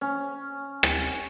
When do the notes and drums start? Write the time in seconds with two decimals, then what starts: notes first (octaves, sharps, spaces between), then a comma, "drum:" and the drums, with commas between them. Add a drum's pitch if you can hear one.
0.01 C#4
0.83 drum: rim click